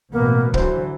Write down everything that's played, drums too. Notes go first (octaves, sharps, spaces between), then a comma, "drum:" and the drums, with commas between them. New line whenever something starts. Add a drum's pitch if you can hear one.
A1 B2 A#3 B3
D3 E3 F#3 C5, drum: kick